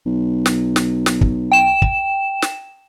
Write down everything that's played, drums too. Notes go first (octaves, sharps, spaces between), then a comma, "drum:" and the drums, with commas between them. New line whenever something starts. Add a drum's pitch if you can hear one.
B1
drum: snare
drum: snare
drum: snare
drum: kick
G5 E7
drum: kick
drum: snare